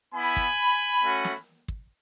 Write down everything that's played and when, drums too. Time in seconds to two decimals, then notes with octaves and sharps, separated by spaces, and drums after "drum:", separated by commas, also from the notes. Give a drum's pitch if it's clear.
0.14 B3 E4 G#5 B5
0.37 drum: kick
1.02 A3 C#4 F#4
1.24 drum: snare
1.68 drum: kick